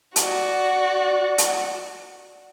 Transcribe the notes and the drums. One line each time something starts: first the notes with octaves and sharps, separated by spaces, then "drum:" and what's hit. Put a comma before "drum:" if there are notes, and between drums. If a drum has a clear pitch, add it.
F#4 D5, drum: hi-hat
drum: hi-hat